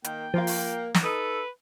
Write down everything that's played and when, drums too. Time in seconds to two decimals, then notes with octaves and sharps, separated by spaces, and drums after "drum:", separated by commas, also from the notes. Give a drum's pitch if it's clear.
0.04 D#3 A#3 G5, drum: hi-hat
0.34 F3 A#3 F4
0.47 drum: open hi-hat
0.94 drum: snare
1.04 D#4 A4 B4 D#6